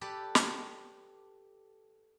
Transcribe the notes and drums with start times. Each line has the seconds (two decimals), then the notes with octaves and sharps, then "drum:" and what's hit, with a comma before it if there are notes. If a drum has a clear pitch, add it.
0.01 G4 A4 B4 D5
0.35 drum: snare